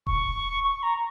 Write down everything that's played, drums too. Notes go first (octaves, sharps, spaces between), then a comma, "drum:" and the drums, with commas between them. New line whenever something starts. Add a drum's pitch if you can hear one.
C#6, drum: kick D#1
C#6
A#5